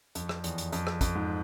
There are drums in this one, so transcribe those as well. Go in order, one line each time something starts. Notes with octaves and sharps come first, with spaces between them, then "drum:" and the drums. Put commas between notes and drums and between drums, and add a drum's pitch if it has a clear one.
F2, drum: hi-hat
drum: rim click
E2, drum: hi-hat
drum: hi-hat
F2, drum: hi-hat
drum: rim click
F2, drum: kick, hi-hat
G#2